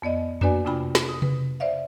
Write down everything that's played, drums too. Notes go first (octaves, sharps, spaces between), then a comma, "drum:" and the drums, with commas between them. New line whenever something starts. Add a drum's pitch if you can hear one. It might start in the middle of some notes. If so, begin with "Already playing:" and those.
F2 B3 D5 D#5
A#3 D4 F#4 B4 D5 G#5, drum: tom F2
F2 C3 D4 F4 G5 B5
drum: snare
D#6
B4, drum: tom C3
C5 D5 E5 F5